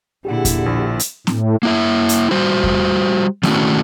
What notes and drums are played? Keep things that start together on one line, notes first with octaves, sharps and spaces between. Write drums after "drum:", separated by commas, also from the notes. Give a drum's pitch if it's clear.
A#2 D3 E4 G4 G#4 F#5
drum: kick E2, hi-hat
A#1
drum: hi-hat
A2, drum: snare
A#3 E4 E5
drum: hi-hat
G3 F#4 C5
drum: kick E2
D#3 A3 C#4 D4 E4 F#4, drum: snare